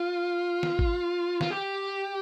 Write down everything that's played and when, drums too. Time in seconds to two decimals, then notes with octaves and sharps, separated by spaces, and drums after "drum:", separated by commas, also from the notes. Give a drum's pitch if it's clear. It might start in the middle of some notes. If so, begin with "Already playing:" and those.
Already playing: F4
0.63 drum: snare
0.79 drum: kick G#1
1.41 F4, drum: snare
1.51 G4